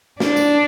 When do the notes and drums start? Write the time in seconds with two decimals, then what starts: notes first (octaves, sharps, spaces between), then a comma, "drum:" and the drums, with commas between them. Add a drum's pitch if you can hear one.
0.20 D4, drum: snare
0.36 drum: tambourine